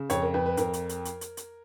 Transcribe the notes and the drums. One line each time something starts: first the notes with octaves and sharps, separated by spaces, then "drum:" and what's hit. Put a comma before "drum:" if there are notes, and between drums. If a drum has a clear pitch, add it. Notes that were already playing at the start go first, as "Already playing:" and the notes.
Already playing: C#3
F2 C#5, drum: hi-hat
A#4
F2 B4
B4
F2 A#4, drum: hi-hat
drum: hi-hat
drum: hi-hat
drum: hi-hat
drum: hi-hat
drum: hi-hat